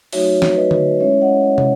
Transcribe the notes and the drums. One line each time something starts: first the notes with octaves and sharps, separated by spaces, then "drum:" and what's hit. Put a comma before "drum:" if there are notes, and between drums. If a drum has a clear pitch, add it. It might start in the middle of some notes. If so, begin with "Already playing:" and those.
F#3 A3 D#4 F#4 C#5 E5, drum: open hi-hat
drum: snare
B4 D#5
drum: tom D3
G#3 C#4 E4 C#5 E5
D#5 F#5
drum: tom